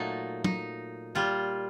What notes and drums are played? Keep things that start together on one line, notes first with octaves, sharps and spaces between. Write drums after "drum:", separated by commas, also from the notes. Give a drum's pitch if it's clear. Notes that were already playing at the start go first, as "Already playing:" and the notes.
Already playing: A#2 F#3 A3 D#4
D#4, drum: tom
A#2 G3 F4